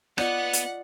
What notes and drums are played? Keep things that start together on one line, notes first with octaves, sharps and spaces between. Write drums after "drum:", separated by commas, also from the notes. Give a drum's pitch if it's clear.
B3 F4 D5 D#5 F#5, drum: rim click
drum: hi-hat